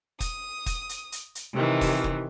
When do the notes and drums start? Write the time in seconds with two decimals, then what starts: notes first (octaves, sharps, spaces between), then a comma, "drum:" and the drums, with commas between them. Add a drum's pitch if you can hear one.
0.20 D#6, drum: kick, hi-hat
0.66 drum: kick, hi-hat
0.89 drum: hi-hat
1.12 drum: hi-hat
1.35 drum: hi-hat
1.53 C3 D#3 E3
1.81 drum: kick, open hi-hat
2.04 drum: kick